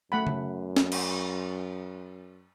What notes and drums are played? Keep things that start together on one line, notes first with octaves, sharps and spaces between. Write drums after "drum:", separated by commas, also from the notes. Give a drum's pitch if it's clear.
F#2 A3 F#5 B5
drum: tom C#3
drum: snare
drum: cymbal